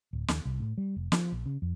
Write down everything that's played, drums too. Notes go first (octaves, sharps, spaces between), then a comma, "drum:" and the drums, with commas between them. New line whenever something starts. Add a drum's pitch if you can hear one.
D1
D#2, drum: snare
C2
A2
G3
F1
F3, drum: snare
A#1
C#3
F2